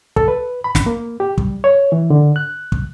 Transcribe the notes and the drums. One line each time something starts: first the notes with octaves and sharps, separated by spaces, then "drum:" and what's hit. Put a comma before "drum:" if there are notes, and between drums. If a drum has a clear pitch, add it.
A4, drum: kick
B4
B5
drum: snare
A#3
G4
G3, drum: kick
C#5
E3
D3
F#6
drum: kick